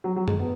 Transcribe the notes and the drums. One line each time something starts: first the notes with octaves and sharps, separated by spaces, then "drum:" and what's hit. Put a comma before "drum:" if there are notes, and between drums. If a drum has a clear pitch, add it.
F#3
F#3
G#3, drum: tom F#2
B3